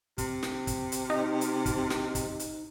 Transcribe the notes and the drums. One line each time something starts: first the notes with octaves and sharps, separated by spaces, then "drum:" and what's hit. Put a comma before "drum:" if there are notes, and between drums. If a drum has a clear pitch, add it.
C3, drum: kick, hi-hat
drum: snare
drum: kick, hi-hat
drum: hi-hat
D#4
drum: hi-hat
drum: kick, hi-hat
drum: snare
drum: kick, hi-hat
drum: hi-hat